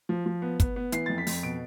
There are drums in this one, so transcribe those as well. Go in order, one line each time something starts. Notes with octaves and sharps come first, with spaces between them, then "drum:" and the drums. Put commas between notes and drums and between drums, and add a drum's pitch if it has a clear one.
F3
F3
B3
B3, drum: kick, hi-hat
B3
E3 C7, drum: hi-hat
F2 A6
B6
F2, drum: open hi-hat
B2 D7